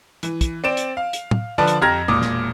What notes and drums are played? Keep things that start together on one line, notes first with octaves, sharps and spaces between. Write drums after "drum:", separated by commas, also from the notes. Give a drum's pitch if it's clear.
E3, drum: hi-hat
drum: kick, hi-hat
C4 D5 D7 E7
drum: hi-hat
F5
drum: hi-hat
drum: tom
D3 F3 B4 D5 A5
drum: hi-hat
F2 G4 A#5 F6 G#6 A#6
E1 A#2 D6 D#6
drum: snare